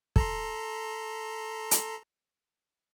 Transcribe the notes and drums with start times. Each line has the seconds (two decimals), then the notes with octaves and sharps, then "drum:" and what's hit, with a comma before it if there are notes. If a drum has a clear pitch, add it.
0.16 A4 A#5 C6, drum: kick
1.71 drum: hi-hat